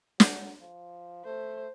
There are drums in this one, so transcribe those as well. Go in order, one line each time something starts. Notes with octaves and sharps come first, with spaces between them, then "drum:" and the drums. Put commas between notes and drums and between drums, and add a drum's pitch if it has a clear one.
F#3, drum: snare
F3
A3 C5